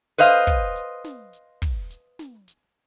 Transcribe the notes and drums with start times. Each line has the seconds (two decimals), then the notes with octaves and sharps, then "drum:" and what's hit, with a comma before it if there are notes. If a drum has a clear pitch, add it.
0.18 B4 C5 D#5 F5, drum: open hi-hat
0.47 drum: kick, hi-hat
0.76 drum: hi-hat
1.04 drum: snare
1.33 drum: hi-hat
1.62 drum: kick, open hi-hat
1.90 drum: hi-hat
2.19 drum: snare
2.48 drum: hi-hat